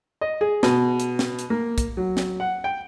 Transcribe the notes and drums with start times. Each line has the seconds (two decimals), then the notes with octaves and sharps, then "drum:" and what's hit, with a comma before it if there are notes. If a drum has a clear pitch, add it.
0.21 D#5
0.41 G#4
0.63 B2, drum: snare
1.00 drum: hi-hat
1.19 drum: snare
1.39 drum: hi-hat
1.50 A#3
1.78 drum: kick, hi-hat
1.97 F#3
2.17 drum: snare
2.40 F#5
2.64 G5